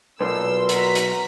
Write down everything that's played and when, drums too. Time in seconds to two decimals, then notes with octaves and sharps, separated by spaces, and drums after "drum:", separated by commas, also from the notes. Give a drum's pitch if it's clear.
0.21 B1 A#2 A#4 B4 C6 E6
0.69 F#4 A#5 B6, drum: hi-hat
0.95 drum: hi-hat